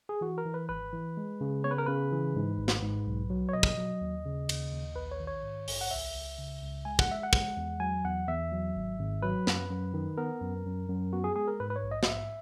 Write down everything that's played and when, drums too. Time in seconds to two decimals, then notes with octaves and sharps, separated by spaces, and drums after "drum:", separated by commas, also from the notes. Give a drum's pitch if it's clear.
0.09 G#4
0.21 E3 F#4
0.38 A#4
0.46 E3
0.54 B4
0.69 G#1 B4
0.93 E3
1.17 G#3
1.41 C#3
1.64 B3 C#5
1.71 B4
1.78 A#4
1.86 C#3 B4
2.12 E3
2.36 G#2
2.59 G#1
2.68 drum: snare
2.83 G#2
3.07 B1
3.30 F#3
3.49 C#5
3.53 B2 D#5
3.63 drum: kick
3.78 F#3
4.01 D#2
4.25 C#3
4.49 D#2, drum: cymbal
4.72 D#2
4.96 A#1 B4
5.11 C#5
5.20 D#3
5.27 C#5
5.43 G#2
5.68 A#1, drum: open hi-hat
5.81 F#5
5.91 C#2 E5
6.14 C#2
6.38 C#3
6.62 C#2
6.85 G#3 G#5
6.99 F#5, drum: kick
7.09 G#3 E5
7.23 F#5
7.33 G#3, drum: kick
7.57 E2
7.80 F#3 G#5
8.04 E2 F#5
8.27 E2 E5
8.52 F#3
8.76 G#1
9.00 G#1
9.22 F#3 B4
9.47 F#2, drum: snare
9.70 F#2
9.93 D#3
10.18 B3 A#4
10.41 F#2
10.66 F#2
10.89 F#2
11.13 B3 F#4
11.24 G#4
11.36 G#3 G#4
11.48 A#4
11.60 G#2 B4
11.70 B4
11.76 C#5
11.83 A#1
11.91 D#5
12.03 D#5, drum: snare
12.08 G#2 E5